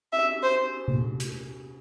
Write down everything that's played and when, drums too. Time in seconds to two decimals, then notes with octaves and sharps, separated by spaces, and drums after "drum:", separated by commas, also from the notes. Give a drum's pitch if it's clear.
0.13 E5, drum: cymbal
0.43 C5
0.88 drum: tom C3
1.20 drum: hi-hat